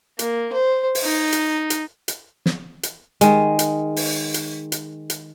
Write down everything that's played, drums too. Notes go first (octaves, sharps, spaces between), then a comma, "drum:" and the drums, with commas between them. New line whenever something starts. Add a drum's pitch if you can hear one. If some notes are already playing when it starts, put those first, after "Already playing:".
A#3, drum: hi-hat
C5
drum: open hi-hat
D#4
drum: hi-hat
drum: hi-hat
drum: hi-hat
drum: snare
drum: hi-hat
D#3 G#3, drum: hi-hat
drum: hi-hat
drum: open hi-hat
drum: hi-hat
drum: hi-hat
drum: hi-hat